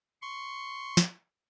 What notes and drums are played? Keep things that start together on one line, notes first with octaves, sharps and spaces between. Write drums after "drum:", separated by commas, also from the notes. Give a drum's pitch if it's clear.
C6 C#6
drum: snare